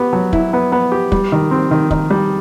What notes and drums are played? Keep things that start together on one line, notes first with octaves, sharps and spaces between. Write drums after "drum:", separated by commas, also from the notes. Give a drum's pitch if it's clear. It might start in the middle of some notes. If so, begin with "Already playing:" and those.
Already playing: B3 G4
F#3
E4, drum: kick
B3
B3
G4
G3, drum: kick
D#3
C4
D#3
D#3, drum: kick
G3